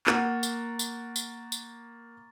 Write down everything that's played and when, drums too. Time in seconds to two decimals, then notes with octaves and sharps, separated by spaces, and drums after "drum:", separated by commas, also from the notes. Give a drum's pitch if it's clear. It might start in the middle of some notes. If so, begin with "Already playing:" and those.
0.07 A#3 F#5 A#5 C#6 A6, drum: clap
0.43 drum: tambourine
0.79 drum: tambourine
1.16 drum: tambourine
1.52 drum: tambourine